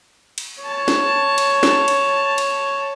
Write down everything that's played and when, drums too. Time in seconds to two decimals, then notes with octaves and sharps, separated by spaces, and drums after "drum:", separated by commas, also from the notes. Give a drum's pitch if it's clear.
0.38 drum: cymbal
0.63 C#5 A5
0.88 drum: snare
1.38 drum: cymbal
1.63 drum: snare
1.88 drum: cymbal
2.38 drum: cymbal